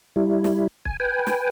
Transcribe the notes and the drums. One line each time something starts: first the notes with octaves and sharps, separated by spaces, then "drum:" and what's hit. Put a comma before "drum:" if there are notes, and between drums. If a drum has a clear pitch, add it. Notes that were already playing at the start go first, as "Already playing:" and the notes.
G3 E4
drum: snare
G#5, drum: kick
B4 G5 G#5
drum: snare